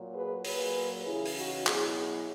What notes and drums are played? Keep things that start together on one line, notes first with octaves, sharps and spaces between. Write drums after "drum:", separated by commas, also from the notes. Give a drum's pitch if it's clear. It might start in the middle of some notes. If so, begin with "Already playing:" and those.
Already playing: A#2 F#3
G#4 B4
A#2 F#3 G#4 B4, drum: open hi-hat
C#3 E3 E4 G#4
drum: open hi-hat
D#4 F#4
B2 F#3 E4 G#4, drum: clap